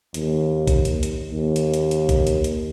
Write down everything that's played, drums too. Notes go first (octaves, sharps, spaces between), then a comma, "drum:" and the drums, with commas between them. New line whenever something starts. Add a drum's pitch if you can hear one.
D#2, drum: hi-hat
drum: kick A#1, hi-hat
drum: hi-hat
drum: hi-hat
D#2
drum: hi-hat
drum: hi-hat
drum: hi-hat
drum: kick A#1, hi-hat
drum: hi-hat
drum: hi-hat